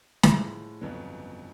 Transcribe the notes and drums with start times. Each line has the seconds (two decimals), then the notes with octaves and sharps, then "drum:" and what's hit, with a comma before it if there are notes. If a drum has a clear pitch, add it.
0.23 A2 F3 G#3, drum: snare
0.81 G1 F2 C#3 F#3 B3